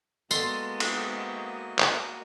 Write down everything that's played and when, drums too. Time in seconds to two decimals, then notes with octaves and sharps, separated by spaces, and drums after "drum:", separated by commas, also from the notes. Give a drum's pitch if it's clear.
0.31 G#3 A#3 B3 F#4 A4 D#5 C6, drum: tambourine
0.80 drum: cymbal
1.79 drum: clap